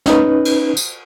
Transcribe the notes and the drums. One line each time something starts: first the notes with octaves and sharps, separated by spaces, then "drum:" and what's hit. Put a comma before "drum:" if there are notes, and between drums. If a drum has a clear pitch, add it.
C#4 D#4 B4, drum: snare
drum: cymbal
drum: tambourine